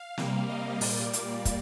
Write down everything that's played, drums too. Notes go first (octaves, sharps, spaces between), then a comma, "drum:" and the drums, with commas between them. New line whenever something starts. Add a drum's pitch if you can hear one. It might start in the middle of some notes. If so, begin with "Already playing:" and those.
Already playing: F5
C3 G3 A#3, drum: snare
D#5
A#2 G3 A#3 D5, drum: open hi-hat
drum: hi-hat
drum: kick, hi-hat